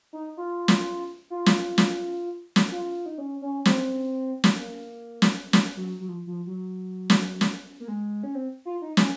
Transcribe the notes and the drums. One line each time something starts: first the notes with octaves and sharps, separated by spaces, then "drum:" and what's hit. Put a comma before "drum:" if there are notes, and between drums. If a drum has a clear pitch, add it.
D#4
F4
drum: snare
F4
drum: snare
drum: snare
drum: snare
F4
D#4
C#4
C#4
C4, drum: snare
drum: snare
A#3
drum: snare
drum: snare
F#3
F#3
F3
F3
F#3
drum: snare
drum: snare
A#3
G#3
C#4
C4
F4
D#4
C#4, drum: snare